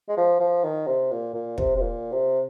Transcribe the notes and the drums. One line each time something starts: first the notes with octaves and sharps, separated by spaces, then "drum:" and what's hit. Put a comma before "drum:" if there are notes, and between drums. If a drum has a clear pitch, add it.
G#3
F3
F3
D#3
C3
A#2
A#2
C3, drum: kick
C3
A#2
C3